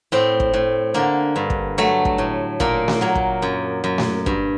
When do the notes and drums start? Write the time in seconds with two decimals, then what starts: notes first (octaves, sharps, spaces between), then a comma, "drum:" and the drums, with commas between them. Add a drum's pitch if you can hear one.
0.12 A2 C4
0.40 drum: kick
0.54 A2
0.94 D3 A#3
1.36 G2
1.50 drum: kick
1.78 F#3 A3
2.05 drum: kick
2.18 A2
2.60 A#2 A#3, drum: kick
2.88 drum: snare A3
3.01 F#3 A#3
3.15 drum: kick
3.42 F#2
3.84 F#2
3.98 drum: snare A3
4.26 G2, drum: kick